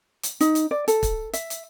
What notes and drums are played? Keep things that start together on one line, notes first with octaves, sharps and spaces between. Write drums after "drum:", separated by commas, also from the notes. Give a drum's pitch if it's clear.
drum: hi-hat
D#4, drum: hi-hat
drum: hi-hat
D5
A4, drum: hi-hat
drum: kick, hi-hat
E5, drum: hi-hat
drum: hi-hat